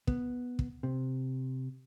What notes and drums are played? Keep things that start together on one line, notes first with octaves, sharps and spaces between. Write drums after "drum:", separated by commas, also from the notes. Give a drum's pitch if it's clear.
B3, drum: kick
drum: kick
C3